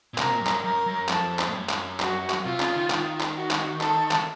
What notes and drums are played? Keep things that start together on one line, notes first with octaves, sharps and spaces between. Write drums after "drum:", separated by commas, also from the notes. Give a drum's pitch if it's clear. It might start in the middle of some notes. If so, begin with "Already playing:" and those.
A#2
C3 A#4, drum: clap
A#2
F#2
A2, drum: clap
F#2
F#2 A#4
F#2
F2 A4, drum: clap
drum: clap
A2
F#2
drum: clap
F#4, drum: clap
drum: clap
C3 F4
C#3, drum: clap
D#3
D#3, drum: clap
drum: clap
F#4
drum: clap
A4, drum: clap
drum: clap